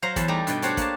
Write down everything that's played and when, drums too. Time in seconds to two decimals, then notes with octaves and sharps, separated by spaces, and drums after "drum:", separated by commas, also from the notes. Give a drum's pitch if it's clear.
0.02 F#3 C5 F5 A#5
0.16 E2 A5 B5, drum: kick, hi-hat
0.28 G3 A3 D#4 G4 A#5
0.47 G2 B2 G5, drum: hi-hat
0.62 D4 F#4 G4 C5 C#5, drum: hi-hat
0.77 A#3 A5, drum: kick, hi-hat